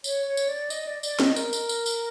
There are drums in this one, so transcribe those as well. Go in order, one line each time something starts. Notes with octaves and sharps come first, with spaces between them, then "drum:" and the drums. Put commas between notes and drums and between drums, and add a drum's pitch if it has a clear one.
C#5, drum: tambourine
C#5
drum: tambourine
D5
D#5, drum: tambourine
D5
D5, drum: tambourine
D#5, drum: snare
A#4, drum: tambourine
drum: tambourine
drum: tambourine
drum: tambourine